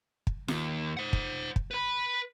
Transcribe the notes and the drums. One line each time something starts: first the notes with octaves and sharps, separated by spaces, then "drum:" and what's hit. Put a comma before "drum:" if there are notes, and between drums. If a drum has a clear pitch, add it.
drum: kick
D#2, drum: snare F4
C5 F#5
drum: kick
drum: kick
B4 B5